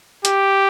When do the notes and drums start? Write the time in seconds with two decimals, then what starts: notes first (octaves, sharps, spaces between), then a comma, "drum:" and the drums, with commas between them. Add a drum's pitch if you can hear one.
0.25 G4, drum: hi-hat